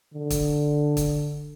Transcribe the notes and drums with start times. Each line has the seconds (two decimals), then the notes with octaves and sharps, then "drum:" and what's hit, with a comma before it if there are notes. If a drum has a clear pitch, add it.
0.14 D3
0.30 drum: kick, hi-hat
0.97 drum: kick, hi-hat